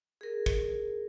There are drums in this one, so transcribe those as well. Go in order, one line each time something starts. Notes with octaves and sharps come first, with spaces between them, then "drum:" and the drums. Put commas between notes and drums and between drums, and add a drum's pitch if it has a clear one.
G#4 A#4
drum: kick, hi-hat